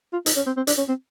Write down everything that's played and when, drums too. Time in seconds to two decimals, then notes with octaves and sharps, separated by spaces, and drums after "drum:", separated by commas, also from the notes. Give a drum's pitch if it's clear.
0.13 F4
0.26 D#4, drum: hi-hat
0.36 C#4
0.47 C4
0.57 C4
0.67 D4, drum: hi-hat
0.78 C#4
0.88 C4